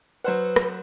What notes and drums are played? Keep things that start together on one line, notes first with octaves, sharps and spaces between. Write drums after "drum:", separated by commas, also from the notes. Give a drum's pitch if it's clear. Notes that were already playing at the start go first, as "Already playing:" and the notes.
F#3 B4 C5 F#5
drum: rim click